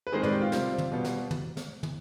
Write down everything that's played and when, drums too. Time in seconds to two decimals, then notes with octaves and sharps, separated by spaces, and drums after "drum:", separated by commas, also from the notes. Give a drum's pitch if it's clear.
0.07 B4
0.12 D#3 G#3 C4 G#4 C5
0.23 B4 D5, drum: tom
0.32 G4
0.42 F4
0.52 C3 G3 C4, drum: snare
0.78 drum: tom
0.92 B2 G3 B3
1.05 drum: snare
1.31 drum: tom
1.57 drum: snare
1.83 drum: tom